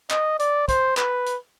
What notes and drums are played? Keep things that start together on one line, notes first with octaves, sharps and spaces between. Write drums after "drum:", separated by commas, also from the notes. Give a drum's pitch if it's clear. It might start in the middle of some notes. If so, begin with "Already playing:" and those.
D#5, drum: clap
D5, drum: hi-hat
C5, drum: kick, hi-hat
B4, drum: clap
drum: hi-hat